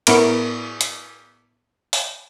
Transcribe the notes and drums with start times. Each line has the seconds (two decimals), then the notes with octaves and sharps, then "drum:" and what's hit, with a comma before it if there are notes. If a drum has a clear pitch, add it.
0.07 A2 B3 E4 A#4 C#6 D7, drum: cymbal
0.81 drum: hi-hat
1.93 drum: open hi-hat